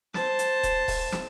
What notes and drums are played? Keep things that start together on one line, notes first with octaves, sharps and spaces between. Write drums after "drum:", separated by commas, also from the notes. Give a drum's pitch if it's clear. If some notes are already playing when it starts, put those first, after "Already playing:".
C5 A5, drum: snare
drum: hi-hat
drum: kick D#1, hi-hat
drum: kick D#1, open hi-hat
drum: snare